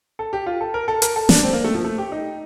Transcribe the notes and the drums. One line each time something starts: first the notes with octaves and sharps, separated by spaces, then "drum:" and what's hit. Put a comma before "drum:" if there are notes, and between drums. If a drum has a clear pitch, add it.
A4
G4
F4
A4
A#4
A4
A#4, drum: hi-hat
A4
D4, drum: snare
C4
A#3
A3
F3
A3
G4
D#4